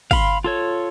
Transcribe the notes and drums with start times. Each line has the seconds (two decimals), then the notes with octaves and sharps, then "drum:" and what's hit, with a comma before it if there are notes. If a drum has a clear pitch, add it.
0.11 F5 B5 C6, drum: kick, open hi-hat
0.44 F4 A4 C#5